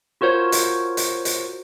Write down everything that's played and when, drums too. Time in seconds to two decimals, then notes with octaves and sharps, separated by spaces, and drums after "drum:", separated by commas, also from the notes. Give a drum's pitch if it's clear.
0.21 F4 F#4 A#4 C5 C#5
0.52 drum: hi-hat
0.97 drum: hi-hat
1.25 drum: hi-hat